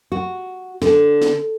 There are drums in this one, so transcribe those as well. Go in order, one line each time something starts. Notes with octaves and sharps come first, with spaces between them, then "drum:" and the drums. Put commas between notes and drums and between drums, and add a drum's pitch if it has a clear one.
F#4
D3, drum: snare
drum: snare